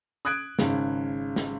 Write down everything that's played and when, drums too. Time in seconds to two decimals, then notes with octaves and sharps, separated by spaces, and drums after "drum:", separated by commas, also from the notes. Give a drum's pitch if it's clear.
0.25 D#6 F#6 G#6 D7
0.59 G#1 C#3, drum: snare
1.36 drum: snare